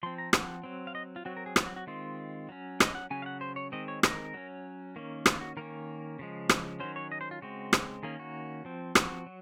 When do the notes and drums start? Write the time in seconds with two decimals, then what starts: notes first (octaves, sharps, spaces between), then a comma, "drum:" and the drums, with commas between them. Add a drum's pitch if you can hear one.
0.03 F3 C4 C6
0.18 A#5
0.33 F#5, drum: rim click
0.63 F#3 C4
0.87 F5
0.95 D#5
1.16 F4
1.25 F#3 C4 F#4
1.37 A#4
1.46 G#4
1.56 F4, drum: rim click
1.66 F#4
1.76 F#4
1.87 D#3 G#3 C4 F4
2.49 F#3 C#4
2.80 D#5, drum: rim click
2.95 F#5
3.10 C#3 F#3 C#4 G#5
3.22 F5
3.26 F#5
3.41 C5
3.56 C#5
3.72 D#3 G#3 C4 D#5
3.88 C#5
4.03 A#4, drum: rim click
4.34 F#3 C#4
4.96 D#3 A#3 C#4
5.26 F4, drum: rim click
5.41 F#4
5.57 D#3 A#3 C#4 A#4
6.19 C#3 F3 G#3
6.49 drum: rim click
6.80 D#3 F#3 C#4 C5
6.96 C#5
7.12 D#5
7.21 C5
7.31 F4
7.42 C#3 G#3 C4 F#4
7.73 drum: rim click
8.03 D#3 A#3 C#4 G#4
8.19 F#4
8.65 F3 C4
8.95 F#4, drum: rim click
9.26 F#3